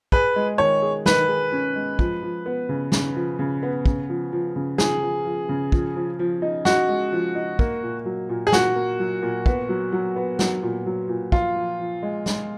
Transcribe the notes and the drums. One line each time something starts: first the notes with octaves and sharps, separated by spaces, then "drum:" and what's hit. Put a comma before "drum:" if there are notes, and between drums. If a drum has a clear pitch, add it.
G#4 B4, drum: kick
G#3
D#3 C#5
G#4
D#3 B4, drum: snare
G#4
C#4
G#3
F3, drum: kick
F3
B3
C#3
C#3, drum: snare
F3
C#3
B3
C#3, drum: kick
F3
F3
C#3
F3 G#4, drum: snare
F3
F3
C#3
F3, drum: kick
F3
F3
D#4
D#4 F#4, drum: snare
G#3
F3
D#4
A#3, drum: kick
A#2
F#3
A#2
G#4
A#2 F#4, drum: snare
A#3
F#3
A#2
B3, drum: kick
F#3
F#3
B3
F#3, drum: snare
A#2
F#3
A#2
F3 F4, drum: kick
F3
F3
G#3
G#3, drum: snare